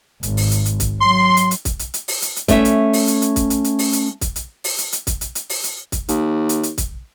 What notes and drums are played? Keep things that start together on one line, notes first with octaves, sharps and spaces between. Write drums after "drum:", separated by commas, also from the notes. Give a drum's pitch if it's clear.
G#1, drum: hi-hat
drum: open hi-hat
drum: hi-hat
drum: hi-hat
drum: kick, hi-hat
F#3 C6
drum: hi-hat
drum: hi-hat
drum: kick, hi-hat
drum: hi-hat
drum: hi-hat
drum: open hi-hat
drum: hi-hat
drum: hi-hat
A3 C#4 E5, drum: kick, hi-hat
drum: hi-hat
drum: open hi-hat
drum: hi-hat
drum: hi-hat
drum: kick, hi-hat
drum: hi-hat
drum: hi-hat
drum: open hi-hat
drum: hi-hat
drum: kick, hi-hat
drum: hi-hat
drum: open hi-hat
drum: hi-hat
drum: hi-hat
drum: kick, hi-hat
drum: hi-hat
drum: hi-hat
drum: open hi-hat
drum: hi-hat
drum: kick, hi-hat
D#2, drum: hi-hat
drum: hi-hat
drum: hi-hat
drum: kick, hi-hat